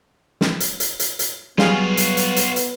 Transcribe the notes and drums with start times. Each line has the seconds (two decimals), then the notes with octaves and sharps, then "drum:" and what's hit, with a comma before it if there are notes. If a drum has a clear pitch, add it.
0.41 drum: snare
0.60 drum: hi-hat
0.80 drum: hi-hat
0.99 drum: hi-hat
1.19 drum: hi-hat
1.58 F#3 G3 B3 F4 F#4 G#4 F5 G#5, drum: snare
1.97 drum: hi-hat
2.17 drum: hi-hat
2.36 drum: hi-hat
2.56 drum: hi-hat